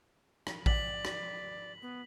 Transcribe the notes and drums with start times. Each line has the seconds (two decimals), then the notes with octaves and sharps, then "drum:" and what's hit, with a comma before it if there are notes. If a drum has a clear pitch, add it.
0.47 drum: rim click
0.66 D5 B6 F#7, drum: kick A1
1.05 drum: rim click
1.82 B3